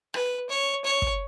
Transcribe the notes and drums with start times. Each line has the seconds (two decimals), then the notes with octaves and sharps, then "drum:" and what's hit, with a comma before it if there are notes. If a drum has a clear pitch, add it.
0.14 B4, drum: rim click
0.49 C#5
0.84 C#5
1.02 drum: kick